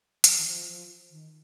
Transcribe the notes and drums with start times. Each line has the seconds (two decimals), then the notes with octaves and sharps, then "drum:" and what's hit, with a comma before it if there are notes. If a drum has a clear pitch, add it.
0.24 F3, drum: hi-hat
0.38 D#3
0.46 F3
0.68 F3
1.10 D#3